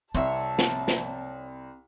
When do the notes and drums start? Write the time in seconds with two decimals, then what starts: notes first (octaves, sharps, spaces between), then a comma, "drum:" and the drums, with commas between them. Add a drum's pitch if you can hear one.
0.14 C2 C4 C#5 E5 A5 C6
0.58 drum: snare
0.88 drum: snare